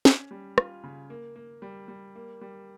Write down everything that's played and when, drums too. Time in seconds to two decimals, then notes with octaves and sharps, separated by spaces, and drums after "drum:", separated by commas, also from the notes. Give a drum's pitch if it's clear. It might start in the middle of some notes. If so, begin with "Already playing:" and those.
0.05 C#4, drum: snare
0.31 G3
0.58 F4, drum: rim click
0.83 C#3
1.10 A#3
1.36 A#3
1.62 G3
1.88 G3
2.16 A#3
2.41 G3